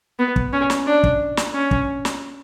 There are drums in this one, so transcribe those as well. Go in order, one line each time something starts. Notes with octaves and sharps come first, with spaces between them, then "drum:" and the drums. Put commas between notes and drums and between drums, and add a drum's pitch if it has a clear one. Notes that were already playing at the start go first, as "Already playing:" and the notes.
B3
drum: kick
C#4
drum: snare
D4
drum: kick
drum: snare
C#4
drum: kick
drum: snare